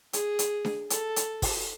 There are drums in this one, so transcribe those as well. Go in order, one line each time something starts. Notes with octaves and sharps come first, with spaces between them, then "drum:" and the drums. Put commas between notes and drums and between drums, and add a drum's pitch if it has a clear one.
G#4, drum: hi-hat
drum: hi-hat
drum: snare D4
A4, drum: hi-hat
drum: hi-hat
drum: kick, open hi-hat